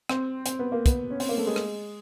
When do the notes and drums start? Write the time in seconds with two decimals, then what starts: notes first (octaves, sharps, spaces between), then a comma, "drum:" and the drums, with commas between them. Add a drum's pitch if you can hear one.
0.09 C4, drum: rim click
0.46 C4, drum: hi-hat
0.59 B3
0.72 A#3
0.86 B3, drum: kick, hi-hat
1.11 C#4
1.20 C4, drum: open hi-hat
1.29 A#3
1.38 A3
1.47 G#3
1.56 drum: rim click